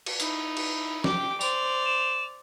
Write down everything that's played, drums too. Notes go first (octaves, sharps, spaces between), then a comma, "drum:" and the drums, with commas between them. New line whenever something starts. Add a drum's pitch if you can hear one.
drum: cymbal
D#4 E4, drum: hi-hat
drum: cymbal
G4 G5 D6, drum: snare
C5 D5 F7, drum: tambourine
E7